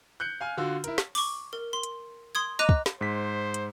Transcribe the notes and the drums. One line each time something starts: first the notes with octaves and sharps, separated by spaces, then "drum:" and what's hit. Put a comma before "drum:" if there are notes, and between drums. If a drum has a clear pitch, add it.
F#6 G6 C#7
F5 G#5 F6
D3 F4 F#4 E6
E4 A#4, drum: hi-hat
drum: snare
C#6 D6, drum: open hi-hat
A#4
C6
drum: hi-hat
C6 D#6 G#6
D#5 A#5 D6 F#6 D#7
drum: kick
drum: snare
G#2 C5 B6
drum: hi-hat